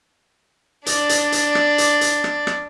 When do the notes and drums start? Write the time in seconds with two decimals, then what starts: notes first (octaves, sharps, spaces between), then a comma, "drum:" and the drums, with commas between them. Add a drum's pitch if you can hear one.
0.86 D4 D5, drum: hi-hat
1.09 drum: hi-hat
1.32 drum: hi-hat
1.55 drum: rim click
1.78 drum: hi-hat
2.01 drum: hi-hat
2.24 drum: rim click
2.47 drum: rim click